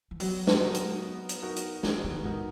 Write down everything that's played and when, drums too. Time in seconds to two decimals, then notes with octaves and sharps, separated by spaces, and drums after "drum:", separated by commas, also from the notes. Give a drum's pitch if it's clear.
0.11 E3
0.20 F#3 B3, drum: open hi-hat
0.47 drum: snare
0.61 D#4 F#4 A#4
0.74 drum: hi-hat
1.02 B3
1.29 drum: hi-hat
1.42 D#4 F#4 A#4
1.56 drum: hi-hat
1.83 E3 B3, drum: snare
2.04 D#3
2.24 G#2 D#4 F#4 A#4